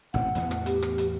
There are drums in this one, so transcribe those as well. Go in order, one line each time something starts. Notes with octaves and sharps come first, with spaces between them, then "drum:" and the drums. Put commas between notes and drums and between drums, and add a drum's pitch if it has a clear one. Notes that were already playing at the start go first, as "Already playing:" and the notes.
A1 A2 C4 F#5
E2 A2 B3, drum: hi-hat
drum: rim click
G4, drum: hi-hat
drum: rim click
drum: hi-hat